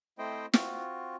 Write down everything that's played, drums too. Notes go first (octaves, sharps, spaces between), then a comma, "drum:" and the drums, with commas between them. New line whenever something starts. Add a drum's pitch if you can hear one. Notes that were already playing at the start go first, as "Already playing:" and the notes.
A3 C4 E4 C5 D#5 G5
C4 F4 F#4, drum: snare